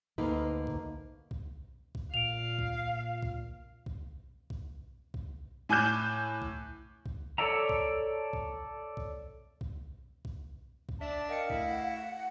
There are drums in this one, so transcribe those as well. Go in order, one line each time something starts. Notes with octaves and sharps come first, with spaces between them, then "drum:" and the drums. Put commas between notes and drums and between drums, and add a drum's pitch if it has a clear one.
D2 A#3 D#4 B4
drum: kick B1
drum: kick B1
drum: kick B1
A#2 F5 D7 F7
drum: kick B1
drum: kick B1
drum: kick B1
drum: kick B1
drum: kick B1
A2 G#5 D6 F#6 G6 E7
drum: kick B1
drum: kick B1
A4 C#5 D5 E5 A#5
drum: kick B1
drum: kick B1
drum: kick B1
drum: kick B1
drum: kick B1
drum: kick B1
D4 E5 A5
A#4 D#5 F5 G5 C#7
A3 E4 B6, drum: kick B1
F#5